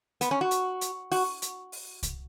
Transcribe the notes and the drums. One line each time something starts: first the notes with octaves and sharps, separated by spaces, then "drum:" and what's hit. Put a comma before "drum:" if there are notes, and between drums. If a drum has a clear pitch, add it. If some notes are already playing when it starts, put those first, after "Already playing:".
B3, drum: hi-hat
C#4
F#4
drum: hi-hat
drum: hi-hat
F#4, drum: open hi-hat
drum: hi-hat
drum: open hi-hat
drum: kick C2, hi-hat